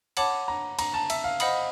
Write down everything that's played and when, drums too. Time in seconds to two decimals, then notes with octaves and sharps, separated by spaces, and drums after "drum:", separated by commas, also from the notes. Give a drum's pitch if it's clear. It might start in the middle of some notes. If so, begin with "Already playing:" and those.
0.17 C#5 F#5 A5 B5 D6, drum: cymbal
0.48 A#5
0.79 A#5, drum: cymbal
0.94 A5
1.10 E5, drum: cymbal
1.24 F5
1.40 C5 D#5 F#5 B5 D#6, drum: cymbal